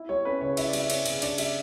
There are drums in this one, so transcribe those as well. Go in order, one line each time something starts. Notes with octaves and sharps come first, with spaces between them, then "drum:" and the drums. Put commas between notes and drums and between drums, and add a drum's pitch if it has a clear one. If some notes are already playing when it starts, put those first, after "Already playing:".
Already playing: E4
G3 C#5
C#4 B4
C#3 C#5
E4 E5, drum: cymbal
D5
G3, drum: cymbal
E5
C#4, drum: cymbal
C#3, drum: cymbal
D4 D5, drum: cymbal
G3 E5, drum: cymbal